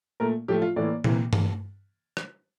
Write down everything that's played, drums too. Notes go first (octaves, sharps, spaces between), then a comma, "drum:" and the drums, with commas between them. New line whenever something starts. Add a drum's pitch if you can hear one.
A#2 A3 A#4
A2 F3 A3 G4
F4
A2 E3 A#3 D5
C3 E3 A#3, drum: tom A#2
drum: tom G2
drum: rim click